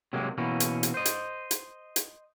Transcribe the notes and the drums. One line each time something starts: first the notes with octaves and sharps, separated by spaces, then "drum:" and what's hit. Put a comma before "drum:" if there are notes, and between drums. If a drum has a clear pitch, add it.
C3 F#3 G#3 A#3
B2 E3 A#3 C#4
drum: hi-hat
drum: hi-hat
C5 D#5
drum: hi-hat
drum: hi-hat
drum: hi-hat